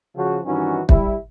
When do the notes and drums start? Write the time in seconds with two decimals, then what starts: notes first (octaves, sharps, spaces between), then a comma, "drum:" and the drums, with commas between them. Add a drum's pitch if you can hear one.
0.16 C#3 F3 F#4
0.46 G2 D#3 E3 C#4 D#4 F#4
0.89 G3 E4, drum: kick